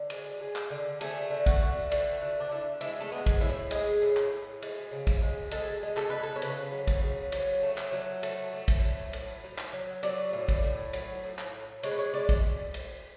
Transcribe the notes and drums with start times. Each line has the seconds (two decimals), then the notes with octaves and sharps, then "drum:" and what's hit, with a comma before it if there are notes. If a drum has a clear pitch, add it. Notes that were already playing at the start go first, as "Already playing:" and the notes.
Already playing: D3
0.10 G#3, drum: cymbal
0.41 G#3
0.56 drum: clap
0.71 D3
1.01 A3 G#4, drum: cymbal
1.30 D3
1.46 F#4, drum: kick, cymbal
1.61 A3
1.92 D3 F#4, drum: cymbal
2.21 D3 F#4
2.40 D4
2.51 D3 E4
2.81 G#3 E4, drum: cymbal
3.00 A3
3.12 G#3 B3
3.26 drum: kick, cymbal
3.41 A2 E4
3.71 G#3 G#4, drum: cymbal
4.02 A2
4.17 drum: clap
4.32 A2
4.62 G#3, drum: cymbal
4.91 C#3
5.07 drum: kick, cymbal
5.22 G#3
5.51 G#3 A4, drum: cymbal
5.83 G#3
5.97 A4, drum: clap
6.10 G#3 B4
6.23 A4
6.36 C#5
6.42 C#3 B4, drum: cymbal
6.72 F#3
6.87 drum: kick, cymbal
7.03 C#3
7.32 F#3, drum: cymbal
7.63 A3
7.78 drum: clap
7.92 F#3
8.23 A3, drum: cymbal
8.53 A3
8.68 drum: kick, cymbal
8.84 F#3
9.13 A2, drum: cymbal
9.44 F#3
9.58 drum: clap
9.73 F#3
10.03 F#3 D5, drum: cymbal
10.33 A2
10.48 drum: kick, cymbal
10.63 A2
10.93 F#3, drum: cymbal
11.24 A2
11.39 drum: clap
11.54 A2
11.83 G#3 C#5, drum: cymbal
11.91 B4
11.99 C#5
12.14 G#3 D5
12.29 drum: kick, cymbal
12.74 drum: cymbal